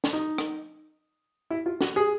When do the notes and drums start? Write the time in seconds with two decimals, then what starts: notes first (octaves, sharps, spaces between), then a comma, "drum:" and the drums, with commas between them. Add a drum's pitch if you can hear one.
0.04 drum: snare
0.13 D#4
0.38 drum: rim click
1.50 E4
1.66 F4
1.81 F#4, drum: snare
1.96 G#4